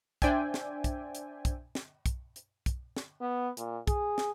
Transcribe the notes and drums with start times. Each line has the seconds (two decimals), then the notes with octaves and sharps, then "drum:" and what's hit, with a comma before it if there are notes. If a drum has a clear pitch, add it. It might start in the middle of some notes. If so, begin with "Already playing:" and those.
0.22 D4 C5 D5 E5 G5 G#5, drum: kick, hi-hat
0.54 drum: snare
0.84 drum: kick, hi-hat
1.15 drum: hi-hat
1.45 drum: kick, hi-hat
1.75 drum: snare
2.06 drum: kick, hi-hat
2.36 drum: hi-hat
2.66 drum: kick, hi-hat
2.97 drum: snare
3.21 B3
3.57 A#2, drum: hi-hat
3.87 G#4, drum: kick, hi-hat
4.18 drum: snare